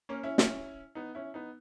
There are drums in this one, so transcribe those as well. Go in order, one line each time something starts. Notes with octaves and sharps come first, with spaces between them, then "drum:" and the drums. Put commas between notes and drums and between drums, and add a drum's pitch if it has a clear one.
A#3 C#4
C#4 E4
C#4 E4, drum: snare
B3 D#4
C#4 E4
B3 D#4